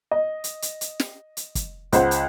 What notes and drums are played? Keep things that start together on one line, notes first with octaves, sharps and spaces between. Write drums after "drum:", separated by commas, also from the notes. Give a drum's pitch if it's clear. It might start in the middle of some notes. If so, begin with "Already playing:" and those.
D#5
drum: hi-hat
drum: hi-hat
drum: hi-hat
drum: snare
drum: hi-hat
drum: kick, hi-hat
C#2 C5 F#5, drum: hi-hat
drum: hi-hat